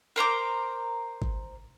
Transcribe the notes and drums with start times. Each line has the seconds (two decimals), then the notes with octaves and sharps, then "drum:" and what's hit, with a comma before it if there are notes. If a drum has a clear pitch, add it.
0.16 A#4 C5 A#5 D6
1.22 drum: kick G1